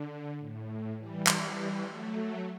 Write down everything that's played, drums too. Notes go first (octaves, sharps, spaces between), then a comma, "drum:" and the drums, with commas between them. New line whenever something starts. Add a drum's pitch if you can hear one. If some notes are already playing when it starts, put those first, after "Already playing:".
Already playing: D3
A2
E3 G3
drum: clap
E3 G3
F#3 A3